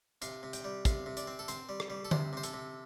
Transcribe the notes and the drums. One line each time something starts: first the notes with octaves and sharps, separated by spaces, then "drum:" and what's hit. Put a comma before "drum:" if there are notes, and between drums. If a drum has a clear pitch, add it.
C3 F5, drum: hi-hat
C3
G5, drum: hi-hat
G3
C3 F5, drum: kick, hi-hat
C3
D5, drum: hi-hat
C4
A4
C4 C5, drum: hi-hat
G3
drum: rim click
G3
A4
C3 C5, drum: tom D3
C3 C5
A4, drum: hi-hat
C3